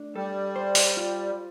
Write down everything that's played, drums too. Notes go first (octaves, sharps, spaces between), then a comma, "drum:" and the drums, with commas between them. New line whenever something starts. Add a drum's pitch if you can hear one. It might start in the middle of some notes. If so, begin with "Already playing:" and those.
Already playing: A3 D4
G3 A4
C5
drum: open hi-hat
F4